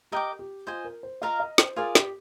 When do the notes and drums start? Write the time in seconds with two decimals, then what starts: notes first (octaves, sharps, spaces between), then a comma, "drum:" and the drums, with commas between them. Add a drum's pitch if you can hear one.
0.12 G4 A#4 D#5 G5 D6
0.39 G4
0.67 F4 C5 D#5 G#5
0.84 A#4
1.03 C5
1.22 F4 A#4 D#5 F5 A#5
1.40 D#5
1.58 C5, drum: snare
1.76 F4 G#4 A#4 D5 G#5
1.95 G4, drum: snare